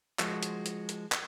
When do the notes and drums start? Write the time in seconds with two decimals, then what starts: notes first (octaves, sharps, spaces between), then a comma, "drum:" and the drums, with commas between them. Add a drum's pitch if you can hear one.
0.19 F3 G#3 F#4, drum: clap
0.43 drum: hi-hat
0.66 drum: hi-hat
0.89 drum: hi-hat
1.12 drum: clap